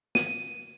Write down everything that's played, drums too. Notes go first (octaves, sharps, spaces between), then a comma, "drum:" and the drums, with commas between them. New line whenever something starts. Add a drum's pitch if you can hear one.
D#7, drum: snare